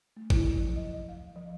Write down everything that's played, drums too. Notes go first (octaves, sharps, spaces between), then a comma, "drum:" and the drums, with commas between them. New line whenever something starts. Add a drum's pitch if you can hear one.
A3
E4, drum: kick
F3
F#3
D#5
D#5
F5
F3